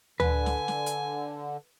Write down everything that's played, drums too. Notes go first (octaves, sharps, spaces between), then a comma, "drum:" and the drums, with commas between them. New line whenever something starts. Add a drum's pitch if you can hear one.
D3 B4 G#5, drum: tom D2
drum: snare
drum: snare
drum: hi-hat